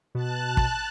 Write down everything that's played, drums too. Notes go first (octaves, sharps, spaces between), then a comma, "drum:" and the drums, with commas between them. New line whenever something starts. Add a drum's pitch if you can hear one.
B2 A5 F#6
drum: kick